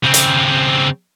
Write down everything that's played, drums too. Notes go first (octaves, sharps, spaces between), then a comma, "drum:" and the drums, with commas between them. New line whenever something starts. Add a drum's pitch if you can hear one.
C#3 C4
drum: hi-hat